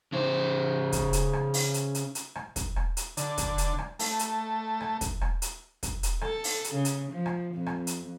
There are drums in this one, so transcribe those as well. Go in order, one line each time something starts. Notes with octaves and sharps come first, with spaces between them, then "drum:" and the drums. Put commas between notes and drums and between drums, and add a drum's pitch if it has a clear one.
C#3 C5
drum: kick, hi-hat
drum: hi-hat
drum: rim click
drum: open hi-hat
drum: hi-hat
drum: hi-hat
drum: hi-hat
drum: rim click
drum: kick, hi-hat
drum: rim click
drum: hi-hat
D3, drum: hi-hat
drum: kick, hi-hat
drum: hi-hat
drum: rim click
A3, drum: open hi-hat
drum: hi-hat
drum: rim click
drum: kick, hi-hat
drum: rim click
drum: hi-hat
drum: kick, hi-hat
drum: hi-hat
A4, drum: rim click
drum: open hi-hat
drum: hi-hat
C#3
drum: hi-hat
F3
drum: rim click
F2
drum: rim click
drum: hi-hat